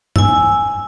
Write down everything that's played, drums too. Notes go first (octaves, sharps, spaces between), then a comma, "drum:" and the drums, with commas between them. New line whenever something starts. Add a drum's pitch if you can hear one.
G#5 E6, drum: tom